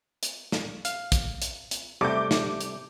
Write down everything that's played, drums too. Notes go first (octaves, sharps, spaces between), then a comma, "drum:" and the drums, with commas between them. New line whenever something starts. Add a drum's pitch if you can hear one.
drum: hi-hat
drum: snare
F5, drum: hi-hat
drum: kick, hi-hat
drum: hi-hat
drum: hi-hat
C3 G3 A3 D6 G6
drum: snare
drum: hi-hat